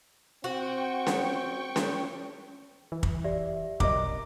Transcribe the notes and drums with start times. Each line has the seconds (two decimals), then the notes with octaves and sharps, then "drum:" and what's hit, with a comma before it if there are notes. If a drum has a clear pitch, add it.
0.44 C4 F#4 G5 C#6
1.07 drum: snare C#4
1.76 drum: snare C#4
2.92 E3
3.03 drum: kick
3.24 G4 D5 E5
3.80 B1 A#4 D#5 D6, drum: kick